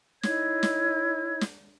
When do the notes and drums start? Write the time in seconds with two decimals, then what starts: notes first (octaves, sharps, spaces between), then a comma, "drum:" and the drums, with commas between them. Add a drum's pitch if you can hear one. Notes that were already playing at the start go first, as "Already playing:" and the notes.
0.23 D#4 E4 C#5 G#6, drum: snare
0.63 drum: snare
1.41 drum: snare